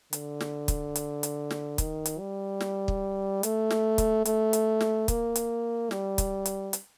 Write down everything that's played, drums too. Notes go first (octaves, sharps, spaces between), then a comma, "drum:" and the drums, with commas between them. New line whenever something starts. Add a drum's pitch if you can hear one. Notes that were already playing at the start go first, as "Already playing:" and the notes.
D3, drum: hi-hat
drum: snare
drum: kick, hi-hat
drum: hi-hat
drum: hi-hat
drum: snare
D#3, drum: kick, hi-hat
drum: hi-hat
G3
drum: snare
drum: kick
A3, drum: hi-hat
drum: snare
drum: kick, hi-hat
A3, drum: hi-hat
drum: hi-hat
drum: snare
A#3, drum: kick, hi-hat
drum: hi-hat
G3, drum: snare
drum: kick, hi-hat
drum: hi-hat
drum: hi-hat